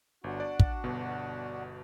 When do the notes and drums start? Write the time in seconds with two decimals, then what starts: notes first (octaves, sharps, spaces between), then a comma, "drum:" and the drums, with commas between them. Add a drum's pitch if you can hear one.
0.24 G1 D4 F#4
0.40 D5
0.60 drum: kick
0.84 G1 B2